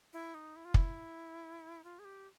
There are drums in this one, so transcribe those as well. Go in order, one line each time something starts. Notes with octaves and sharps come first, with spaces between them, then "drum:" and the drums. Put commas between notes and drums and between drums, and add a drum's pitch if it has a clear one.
E4
D#4
E4
F4
E4, drum: kick
F4
G#4
G4